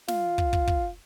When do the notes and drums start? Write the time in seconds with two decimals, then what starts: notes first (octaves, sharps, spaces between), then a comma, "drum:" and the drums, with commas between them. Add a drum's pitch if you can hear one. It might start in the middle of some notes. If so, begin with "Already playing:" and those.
0.08 F4, drum: snare
0.38 drum: kick
0.53 drum: kick
0.67 drum: kick